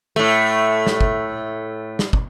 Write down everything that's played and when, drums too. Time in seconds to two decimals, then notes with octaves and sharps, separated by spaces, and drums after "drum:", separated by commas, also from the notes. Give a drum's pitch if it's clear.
0.16 A2 A3
0.87 drum: snare
1.01 drum: kick
1.99 drum: snare
2.13 drum: kick